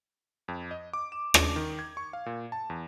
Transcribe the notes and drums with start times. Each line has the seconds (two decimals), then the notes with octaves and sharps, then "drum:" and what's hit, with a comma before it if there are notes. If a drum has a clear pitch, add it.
0.48 F2
0.71 D#5
0.93 D6
1.12 E7
1.34 D4, drum: rim click
1.56 D#3
1.79 G#6
1.97 C#6
2.13 F5
2.26 A#2
2.52 A5
2.70 E2